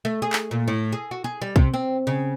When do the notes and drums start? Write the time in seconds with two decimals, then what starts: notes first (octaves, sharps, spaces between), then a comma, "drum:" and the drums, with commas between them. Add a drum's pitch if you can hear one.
0.05 A3
0.22 G#4
0.33 drum: clap
0.51 A#2
0.68 A2
0.92 G#4
1.11 F#4
1.24 G#4
1.42 G3
1.56 C3, drum: kick
1.74 C4
2.07 C#3